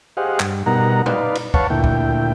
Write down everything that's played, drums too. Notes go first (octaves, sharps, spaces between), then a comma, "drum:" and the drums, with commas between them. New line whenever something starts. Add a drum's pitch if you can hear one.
G4 G#4 C5 D#5 F5 F#5
G2, drum: clap
B2 G3 D#4 A#4 F#5 A#5
D#4 B4 D5 F5, drum: tom
drum: cymbal
B4 C#5 F5 F#5 A5 C#6, drum: kick
D2 A#2 E4 G5
drum: kick